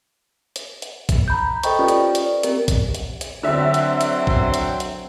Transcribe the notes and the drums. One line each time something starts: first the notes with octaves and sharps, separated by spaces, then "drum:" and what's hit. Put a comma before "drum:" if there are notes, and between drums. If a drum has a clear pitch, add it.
drum: hi-hat
drum: hi-hat
drum: kick, hi-hat
A#5 B5 G6
A4 C5 D#5 G5 B5 C#6, drum: hi-hat
C#4 F4 G4 B4 D5
drum: hi-hat
D5, drum: hi-hat
C4 G4 A#4, drum: hi-hat
drum: kick, hi-hat
drum: hi-hat
drum: hi-hat
D3 F#3 C4 E5
drum: hi-hat
drum: hi-hat
drum: kick
drum: hi-hat
drum: hi-hat